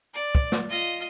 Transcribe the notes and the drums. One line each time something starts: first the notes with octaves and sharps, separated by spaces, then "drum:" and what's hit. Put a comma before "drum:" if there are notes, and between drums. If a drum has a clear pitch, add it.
D5
drum: kick
drum: snare
F4 D#5